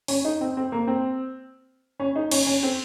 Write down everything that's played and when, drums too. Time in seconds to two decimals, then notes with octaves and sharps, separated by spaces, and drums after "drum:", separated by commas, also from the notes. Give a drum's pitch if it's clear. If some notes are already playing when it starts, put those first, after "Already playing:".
0.08 C#4, drum: open hi-hat
0.25 D#4
0.41 C4
0.57 C4
0.72 A#3
0.88 C4
2.00 C#4
2.16 D#4
2.31 C#4, drum: cymbal
2.47 C#4
2.63 C4